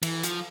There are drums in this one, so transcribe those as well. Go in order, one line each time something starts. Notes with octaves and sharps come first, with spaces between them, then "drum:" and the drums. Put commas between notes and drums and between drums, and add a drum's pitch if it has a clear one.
E3, drum: cymbal
F3, drum: hi-hat